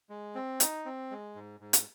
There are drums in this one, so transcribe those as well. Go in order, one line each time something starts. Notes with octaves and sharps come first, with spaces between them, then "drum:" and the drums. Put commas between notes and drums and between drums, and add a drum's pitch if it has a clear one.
G#3
C4
D#4, drum: hi-hat
C4
G#3
G#2
G#2
drum: hi-hat